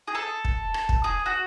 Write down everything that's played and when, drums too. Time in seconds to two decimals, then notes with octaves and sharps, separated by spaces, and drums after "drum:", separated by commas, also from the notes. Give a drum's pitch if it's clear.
0.08 G#4
0.15 A4
0.45 drum: kick
0.74 drum: rim click
0.89 drum: kick
1.04 G#4
1.26 F#4